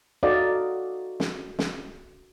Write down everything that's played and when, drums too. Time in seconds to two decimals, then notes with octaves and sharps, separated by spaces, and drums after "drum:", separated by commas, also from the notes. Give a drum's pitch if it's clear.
0.23 D#4 F#4 A4 D5 D#5 F5
1.20 drum: snare
1.59 drum: snare